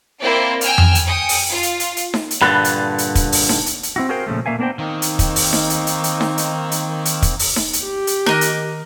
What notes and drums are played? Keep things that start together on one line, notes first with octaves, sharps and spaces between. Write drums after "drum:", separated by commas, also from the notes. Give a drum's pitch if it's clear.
A#3 C4 E4 C5 D5
G5 G#5 E6 F6, drum: hi-hat
drum: tom F2
drum: hi-hat
G5 G#5 D#6 C#7
drum: open hi-hat
F4
drum: hi-hat
drum: hi-hat
drum: hi-hat
drum: snare D#4
drum: hi-hat
G2 A#2 D3 B5 F#6 A6
drum: hi-hat
drum: hi-hat
drum: kick, hi-hat
drum: open hi-hat
drum: snare D#4
drum: hi-hat
drum: hi-hat
C4 E4 F#4
F#4 G#4 A#4 C5 F5 G5
A#2 C#3 F3 A3
A#2 A3 A#3 E5 F5 G#5
A#3 B3 D4 A#4 C5 G5
D#3 A#3 C4 D#4
drum: hi-hat
drum: kick, hi-hat
drum: open hi-hat
drum: snare D#4
drum: hi-hat
drum: hi-hat
drum: hi-hat
drum: snare D#4
drum: hi-hat
drum: hi-hat
drum: hi-hat
drum: kick, hi-hat
drum: open hi-hat
drum: snare D#4
drum: hi-hat
G4
drum: hi-hat
D#3 A#4 D#5 F#6, drum: snare D#4
drum: hi-hat